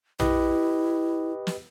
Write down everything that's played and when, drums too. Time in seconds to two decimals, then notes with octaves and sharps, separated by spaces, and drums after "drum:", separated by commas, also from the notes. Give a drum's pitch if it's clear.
0.20 E4 G4 B4 D#5, drum: tom A#1
1.47 drum: snare